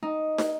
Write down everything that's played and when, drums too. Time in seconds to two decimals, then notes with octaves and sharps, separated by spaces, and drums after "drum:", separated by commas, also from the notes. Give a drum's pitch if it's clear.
0.03 D#4
0.38 drum: snare